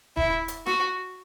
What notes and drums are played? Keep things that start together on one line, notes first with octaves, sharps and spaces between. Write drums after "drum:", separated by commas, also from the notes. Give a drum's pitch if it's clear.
E4, drum: kick D#1
drum: hi-hat
F#4, drum: rim click